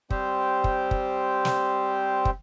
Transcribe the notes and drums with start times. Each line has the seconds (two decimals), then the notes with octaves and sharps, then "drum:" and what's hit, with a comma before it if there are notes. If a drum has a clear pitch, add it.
0.10 G3 C4 G4 C5, drum: kick
0.64 drum: kick
0.91 drum: kick
1.45 drum: snare
2.25 drum: kick